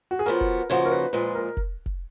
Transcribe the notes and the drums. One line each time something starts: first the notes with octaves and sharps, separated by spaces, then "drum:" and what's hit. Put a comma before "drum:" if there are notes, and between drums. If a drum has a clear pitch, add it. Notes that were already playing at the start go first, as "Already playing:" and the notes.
F#4
G#4
F3 B3 F#4 A#4
drum: kick
C#3 F3 A#3 D#4 F#4 C#5
A#4
B4
A#2 F3 G#3 B4
A#4
drum: kick
drum: kick